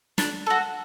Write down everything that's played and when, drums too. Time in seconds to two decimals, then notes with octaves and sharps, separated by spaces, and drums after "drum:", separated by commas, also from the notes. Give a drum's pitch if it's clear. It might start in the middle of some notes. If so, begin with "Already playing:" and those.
0.18 D4, drum: snare
0.46 F#4 A4